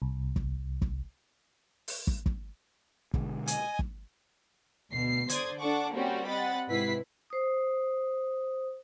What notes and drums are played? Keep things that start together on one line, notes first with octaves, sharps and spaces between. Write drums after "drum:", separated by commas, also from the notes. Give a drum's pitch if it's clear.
C2
drum: kick
drum: kick
drum: open hi-hat
drum: kick
drum: kick
B2 D3 G#3, drum: kick
D#5 G#5, drum: hi-hat
drum: kick
D2 B2 C7
D3 C5 D5 C6 D#6 G#6, drum: hi-hat
D4 A4 F#5 A5 C#6 D6
G3 A#3 C4 C#4 F#4 G4
C4 D#5 F#5 B5 A6
G#2 C3 E4 B4 B6 C7
C5 D#6